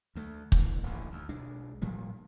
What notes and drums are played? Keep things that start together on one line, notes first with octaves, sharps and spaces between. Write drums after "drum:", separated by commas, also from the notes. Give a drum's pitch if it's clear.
D2 A3
C#2 D3 E3 A#3, drum: kick
D1 A1 D#2 D3
D2
B1 G#3 D4
A2 F3 G3 A#3